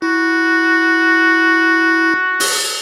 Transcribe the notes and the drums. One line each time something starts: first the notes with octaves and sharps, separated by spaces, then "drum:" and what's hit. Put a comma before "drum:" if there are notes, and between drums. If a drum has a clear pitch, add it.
E4 F#4
drum: open hi-hat